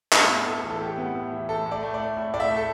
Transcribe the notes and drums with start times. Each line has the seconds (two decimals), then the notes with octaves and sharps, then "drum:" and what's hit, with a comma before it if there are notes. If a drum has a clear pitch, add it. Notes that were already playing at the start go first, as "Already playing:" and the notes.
0.13 A2 B4, drum: clap
0.29 B3
0.46 A2 A4
0.64 E3
0.70 A4
0.81 A2 G4
0.98 B3
1.15 A2
1.32 E3
1.49 A2 A4
1.66 A2
1.71 D5
1.83 A3
1.94 D5
2.00 A3
2.17 A2
2.34 A2 D5
2.40 E5
2.51 A3
2.56 A4